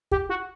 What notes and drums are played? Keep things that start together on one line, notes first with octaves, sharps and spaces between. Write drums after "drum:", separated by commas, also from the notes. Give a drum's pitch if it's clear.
G4, drum: kick
F#4